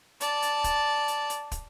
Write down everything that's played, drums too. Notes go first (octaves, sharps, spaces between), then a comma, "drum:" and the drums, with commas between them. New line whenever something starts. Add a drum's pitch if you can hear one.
D5 A5, drum: hi-hat
drum: hi-hat
drum: kick, hi-hat
drum: hi-hat
drum: hi-hat
drum: kick, hi-hat